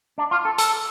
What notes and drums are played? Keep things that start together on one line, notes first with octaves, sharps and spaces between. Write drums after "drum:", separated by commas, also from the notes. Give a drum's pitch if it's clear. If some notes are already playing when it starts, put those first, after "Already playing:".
D4
F4
A4
A4, drum: hi-hat